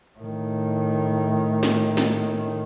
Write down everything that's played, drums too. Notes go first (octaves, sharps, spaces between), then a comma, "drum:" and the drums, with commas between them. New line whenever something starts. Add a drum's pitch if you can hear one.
A2 D#3
drum: snare
drum: snare